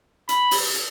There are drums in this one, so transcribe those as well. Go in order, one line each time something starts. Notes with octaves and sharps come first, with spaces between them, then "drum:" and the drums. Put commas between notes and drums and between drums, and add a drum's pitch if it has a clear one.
B5, drum: hi-hat
drum: open hi-hat
drum: hi-hat